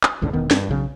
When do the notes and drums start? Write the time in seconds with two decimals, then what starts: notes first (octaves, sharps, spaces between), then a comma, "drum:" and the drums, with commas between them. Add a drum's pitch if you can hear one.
0.03 drum: clap
0.21 G1 C#2 A2 D3
0.33 E1 D#3 B3
0.51 G2, drum: snare
0.69 B1 C#3 F#3